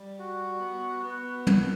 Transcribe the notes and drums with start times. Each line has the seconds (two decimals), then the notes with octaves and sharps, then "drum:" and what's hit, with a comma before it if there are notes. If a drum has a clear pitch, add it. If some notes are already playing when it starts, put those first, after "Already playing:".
Already playing: G3
0.19 F#4
0.60 B3
1.04 B3
1.47 A#2, drum: tom